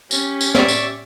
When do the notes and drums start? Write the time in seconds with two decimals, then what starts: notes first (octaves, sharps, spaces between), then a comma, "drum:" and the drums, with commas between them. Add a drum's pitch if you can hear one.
0.11 C#4 G4, drum: tambourine
0.41 drum: tambourine
0.55 D5 E5 C#6, drum: snare
0.68 drum: tambourine